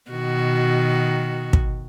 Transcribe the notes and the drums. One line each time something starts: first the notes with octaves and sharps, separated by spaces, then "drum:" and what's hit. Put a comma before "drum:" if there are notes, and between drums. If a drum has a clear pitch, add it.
B2 D#3 F#4
drum: kick